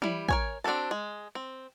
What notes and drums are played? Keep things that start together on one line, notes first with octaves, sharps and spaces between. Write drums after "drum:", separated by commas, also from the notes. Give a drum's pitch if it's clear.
G3 E4, drum: tom E3
A#4 C#5 G#5, drum: kick
C4 D4 F#4 A4 A5
G#3
C4